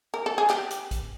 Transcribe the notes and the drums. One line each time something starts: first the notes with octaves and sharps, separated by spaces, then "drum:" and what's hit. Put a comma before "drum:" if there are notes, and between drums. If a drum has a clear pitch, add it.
A#4
A4
G#4
G4, drum: clap
drum: hi-hat
drum: kick, hi-hat